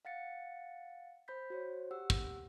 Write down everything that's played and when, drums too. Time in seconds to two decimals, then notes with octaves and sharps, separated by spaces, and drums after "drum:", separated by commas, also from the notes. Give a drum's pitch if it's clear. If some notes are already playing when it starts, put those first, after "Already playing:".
0.05 F5 F#5 A6 C#7
1.28 C5 B5 G6 B6
1.50 F#4 C5 C#5
1.91 G4 F#5 E6
2.10 drum: kick